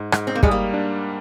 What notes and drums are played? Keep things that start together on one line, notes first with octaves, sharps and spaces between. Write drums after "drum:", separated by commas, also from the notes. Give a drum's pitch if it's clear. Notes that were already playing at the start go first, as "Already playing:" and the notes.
Already playing: G#2
G#2, drum: rim click
C4
A#3
G3 G#3, drum: kick
A#3
D4